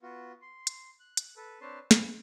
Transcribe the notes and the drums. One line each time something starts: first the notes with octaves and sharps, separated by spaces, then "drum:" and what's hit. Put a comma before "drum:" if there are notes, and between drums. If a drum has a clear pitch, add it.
B3 F4 F#4
C6
drum: hi-hat
F#6
drum: hi-hat
A4 B4
C4 D4 B4 C#5 A5 C6
B4 F5 G#5, drum: snare